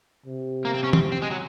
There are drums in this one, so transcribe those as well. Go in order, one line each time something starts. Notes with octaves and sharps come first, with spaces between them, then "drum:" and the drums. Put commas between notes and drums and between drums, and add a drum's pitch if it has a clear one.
C3
A#3
C4
C#4
C4, drum: tom
C4
G#3
F#3